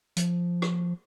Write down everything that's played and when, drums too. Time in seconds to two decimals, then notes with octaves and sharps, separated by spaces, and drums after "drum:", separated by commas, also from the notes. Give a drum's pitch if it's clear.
0.17 F3, drum: hi-hat
0.62 drum: rim click